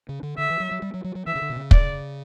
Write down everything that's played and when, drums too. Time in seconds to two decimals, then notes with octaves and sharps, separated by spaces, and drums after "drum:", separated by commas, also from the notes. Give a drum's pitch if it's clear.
0.09 C#3
0.23 D3
0.38 D3 E5
0.50 E3
0.60 F#3
0.71 F#3
0.82 G3
0.94 F#3
1.04 F#3
1.15 F#3
1.27 E3 E5
1.35 C#3
1.42 D3
1.50 B2
1.56 C#3
1.71 D5, drum: kick